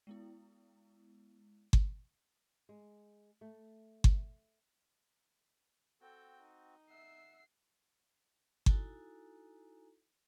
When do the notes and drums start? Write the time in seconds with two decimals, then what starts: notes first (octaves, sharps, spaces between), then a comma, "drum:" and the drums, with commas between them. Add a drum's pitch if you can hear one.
0.07 G#3 B3 E4
1.73 drum: kick G1
2.69 G#3
3.41 A3
4.04 drum: kick G1
6.01 C4 F#4 A4 G5
6.41 D#4
6.90 E5 F#5 E6 C7
8.66 D#4 E4 F#4 A4 G#5 A#5, drum: kick G1